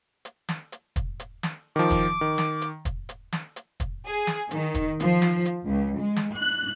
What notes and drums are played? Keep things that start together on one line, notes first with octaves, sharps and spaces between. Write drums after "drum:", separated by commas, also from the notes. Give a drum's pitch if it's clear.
drum: hi-hat
drum: snare
drum: hi-hat
drum: kick, hi-hat
drum: hi-hat
drum: snare
D#3 F3 D6
drum: kick, hi-hat
D#3
drum: snare
drum: hi-hat
drum: kick, hi-hat
drum: hi-hat
drum: snare
drum: hi-hat
drum: kick, hi-hat
G#4
drum: snare
D#3, drum: hi-hat
drum: kick, hi-hat
F3, drum: hi-hat
drum: snare
drum: hi-hat
C#2
G#3
drum: snare
F#6